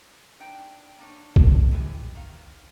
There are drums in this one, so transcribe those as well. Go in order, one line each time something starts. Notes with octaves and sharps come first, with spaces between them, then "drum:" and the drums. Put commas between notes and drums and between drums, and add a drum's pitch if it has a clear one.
D4 D#4 G5
A#3 D4 D#4 C#5
drum: kick B1
D#3 E3 G#3 G4 G#5
D#3 F5